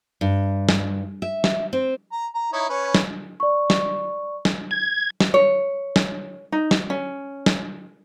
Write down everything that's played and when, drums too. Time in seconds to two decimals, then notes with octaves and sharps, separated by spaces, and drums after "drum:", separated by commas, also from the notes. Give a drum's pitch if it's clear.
0.21 G2
0.69 drum: snare
1.22 E5
1.44 drum: snare
1.73 C4
2.12 A#5
2.35 A#5
2.53 D#4 E4 C#5
2.69 C#4 B4 C#5
2.95 drum: snare
3.40 D5 C#6
3.70 drum: snare
4.45 drum: snare
4.71 G#6
5.20 drum: snare
5.34 C#5
5.96 drum: snare
6.52 D#4
6.71 drum: snare
6.90 C#4
7.46 drum: snare